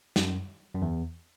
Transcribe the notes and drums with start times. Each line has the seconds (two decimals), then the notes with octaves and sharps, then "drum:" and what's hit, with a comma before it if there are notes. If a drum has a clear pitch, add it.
0.16 F#2, drum: snare
0.75 F#2
0.82 E2